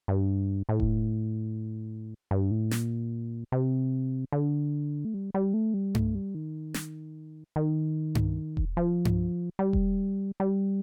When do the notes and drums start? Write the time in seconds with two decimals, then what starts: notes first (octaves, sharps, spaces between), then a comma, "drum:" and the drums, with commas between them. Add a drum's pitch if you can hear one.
0.08 G2
0.69 A2
0.80 drum: kick E1
2.31 G2
2.51 A2
2.71 A#2, drum: snare
3.52 C3
4.32 D3
5.05 A3
5.14 G3
5.34 G3
5.54 A3
5.74 G3
5.95 A3, drum: tom G2
6.15 G3
6.35 D#3
6.74 drum: snare
7.56 D#3
8.15 drum: tom G2
8.57 drum: kick E1
8.77 F3
9.05 drum: tom G2
9.59 G3
9.73 drum: kick E1
10.40 G3